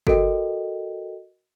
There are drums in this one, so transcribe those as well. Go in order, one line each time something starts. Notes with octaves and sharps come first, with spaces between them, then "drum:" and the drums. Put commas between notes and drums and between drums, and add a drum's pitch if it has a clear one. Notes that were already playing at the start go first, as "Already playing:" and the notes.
F#4 A4 A#4 D#5 G5, drum: kick F#1